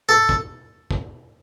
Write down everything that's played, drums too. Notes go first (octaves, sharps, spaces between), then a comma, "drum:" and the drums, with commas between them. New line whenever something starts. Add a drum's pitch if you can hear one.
A4
drum: kick
drum: kick